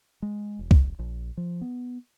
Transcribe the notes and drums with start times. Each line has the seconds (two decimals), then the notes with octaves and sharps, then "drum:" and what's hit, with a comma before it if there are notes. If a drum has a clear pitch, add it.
0.22 G#3
0.59 E1
0.71 drum: kick C2
0.99 A#1
1.37 F3
1.61 B3